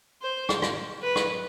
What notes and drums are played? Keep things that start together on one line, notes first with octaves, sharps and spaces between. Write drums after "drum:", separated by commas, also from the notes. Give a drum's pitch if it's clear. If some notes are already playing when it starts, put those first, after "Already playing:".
C5
drum: rim click
drum: rim click
B4
drum: rim click